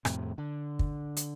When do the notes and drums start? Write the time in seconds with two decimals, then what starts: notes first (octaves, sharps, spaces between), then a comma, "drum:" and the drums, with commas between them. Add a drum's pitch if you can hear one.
0.05 F2 A2 C3, drum: rim click
0.38 D3
0.79 drum: kick
1.17 drum: hi-hat